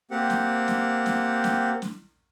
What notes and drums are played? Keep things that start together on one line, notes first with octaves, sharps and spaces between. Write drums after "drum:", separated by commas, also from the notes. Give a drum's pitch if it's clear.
A#3 C4 G4 F#5
drum: snare
drum: snare
drum: snare
drum: snare
drum: snare